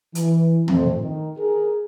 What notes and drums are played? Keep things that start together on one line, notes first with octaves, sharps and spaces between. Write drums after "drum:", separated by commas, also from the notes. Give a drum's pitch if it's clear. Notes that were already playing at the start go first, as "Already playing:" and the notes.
E3, drum: hi-hat
F2 A#2 A3 C4, drum: tom
D#3
G#4 A#4